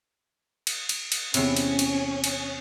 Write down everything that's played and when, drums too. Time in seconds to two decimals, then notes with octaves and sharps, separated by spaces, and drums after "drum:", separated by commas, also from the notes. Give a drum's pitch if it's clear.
0.67 drum: cymbal
0.89 drum: cymbal
1.12 drum: cymbal
1.34 E2 C3 C#4, drum: cymbal
1.56 drum: cymbal
1.79 drum: cymbal
2.24 drum: cymbal